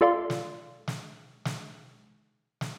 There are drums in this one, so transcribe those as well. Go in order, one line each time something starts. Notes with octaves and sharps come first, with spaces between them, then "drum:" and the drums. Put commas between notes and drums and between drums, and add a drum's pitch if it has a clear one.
F4 A4 D5 F5 C6
drum: snare
drum: snare
drum: snare
drum: snare